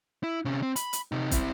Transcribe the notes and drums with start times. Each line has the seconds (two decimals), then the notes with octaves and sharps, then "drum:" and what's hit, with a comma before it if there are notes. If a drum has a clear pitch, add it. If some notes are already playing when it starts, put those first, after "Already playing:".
0.23 E4
0.45 C3 C#4
0.63 C4
0.76 B5, drum: hi-hat
0.93 drum: hi-hat
1.12 C3 D#4
1.31 C4 E4, drum: kick, hi-hat